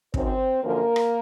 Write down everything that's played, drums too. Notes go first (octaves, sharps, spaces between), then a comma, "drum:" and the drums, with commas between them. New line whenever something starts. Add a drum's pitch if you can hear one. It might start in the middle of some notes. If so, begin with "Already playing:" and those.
F#2 D#3 F#3 C4 C5, drum: kick
F#2 D3 F3 A#3 A#4
drum: rim click